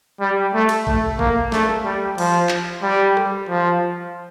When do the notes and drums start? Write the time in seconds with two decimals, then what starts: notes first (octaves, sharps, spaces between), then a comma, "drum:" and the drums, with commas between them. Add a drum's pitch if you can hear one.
0.21 G3
0.54 A3
0.69 drum: cymbal
0.87 A3, drum: kick A1
1.19 A#3, drum: kick A1
1.52 A3, drum: snare
1.85 G3
2.18 F3, drum: cymbal
2.49 drum: clap
2.83 G3
3.17 drum: rim click
3.49 F3